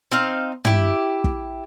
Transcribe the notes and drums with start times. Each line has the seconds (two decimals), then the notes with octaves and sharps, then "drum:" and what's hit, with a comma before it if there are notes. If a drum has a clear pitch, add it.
0.12 C4 D#4 F5
0.65 E4 G4, drum: tom
1.24 drum: kick